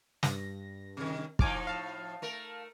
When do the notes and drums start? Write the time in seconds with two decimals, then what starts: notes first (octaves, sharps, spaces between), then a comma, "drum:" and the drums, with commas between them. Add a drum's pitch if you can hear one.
0.23 G2 A#6, drum: snare
0.97 C3 D#3
1.39 A2 F3 D#4 G#5 D6 F6, drum: kick
1.67 F5 A5
2.22 A3 A#4